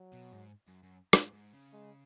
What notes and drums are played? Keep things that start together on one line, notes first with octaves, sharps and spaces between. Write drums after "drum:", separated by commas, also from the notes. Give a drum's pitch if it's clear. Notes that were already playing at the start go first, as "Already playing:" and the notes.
Already playing: F#3
B2
G#2
F#2
F#2
G#2, drum: rim click
G#2
C#3
G#3